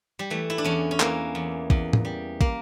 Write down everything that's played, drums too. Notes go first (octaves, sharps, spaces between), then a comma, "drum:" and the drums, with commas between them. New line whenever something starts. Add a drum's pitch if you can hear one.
G3
E3 A3
E4
D4
E2 C#4
C#4
E3 A#3, drum: clap
E2
E2, drum: kick
drum: tom
G3
A#3, drum: kick